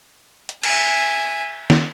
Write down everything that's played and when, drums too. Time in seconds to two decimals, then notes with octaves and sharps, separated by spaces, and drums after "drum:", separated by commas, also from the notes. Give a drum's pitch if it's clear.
0.49 drum: hi-hat
0.63 E5 G#5, drum: cymbal
1.70 drum: snare